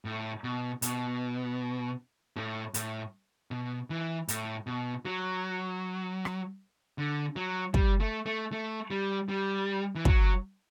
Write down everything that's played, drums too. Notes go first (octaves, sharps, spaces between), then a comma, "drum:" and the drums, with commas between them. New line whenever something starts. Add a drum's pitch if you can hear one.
A2
B2
B2, drum: hi-hat
A2
A2, drum: hi-hat
B2
E3
A2, drum: hi-hat
B2
F#3
drum: rim click
D3
F#3
G3, drum: kick
A3
A3
A3
G3
G3
E3
F#3, drum: kick